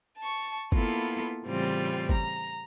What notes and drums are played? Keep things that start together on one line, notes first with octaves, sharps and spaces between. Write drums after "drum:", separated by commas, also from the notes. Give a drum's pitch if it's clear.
A5 C#6
A#3 B3 E4 F4 A4, drum: kick
A2 C#3 E3 G3 C4 F4
A#5, drum: kick